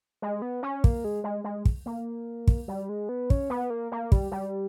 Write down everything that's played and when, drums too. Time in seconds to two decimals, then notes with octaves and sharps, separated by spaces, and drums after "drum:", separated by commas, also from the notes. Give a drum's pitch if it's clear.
0.22 G#3
0.42 B3
0.63 C#4
0.84 A#3, drum: kick
1.04 G#3
1.24 G#3
1.44 G#3
1.65 drum: kick
1.86 A#3
2.47 drum: kick
2.68 G3
2.89 G#3
3.09 B3
3.30 C#4, drum: kick
3.50 B3
3.70 A#3
3.92 A#3
4.12 G3, drum: kick
4.32 G3